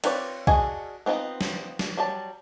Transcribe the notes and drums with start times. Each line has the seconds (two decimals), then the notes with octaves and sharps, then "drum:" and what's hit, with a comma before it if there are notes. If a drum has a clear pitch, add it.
0.04 C4 F4 B4 C#5 D5, drum: cymbal
0.47 D4 F#4 G#4 D#5 G#5, drum: kick
1.06 B3 C4 D#4 F4 D#5
1.41 drum: snare
1.79 drum: snare
1.97 F#3 G3 A5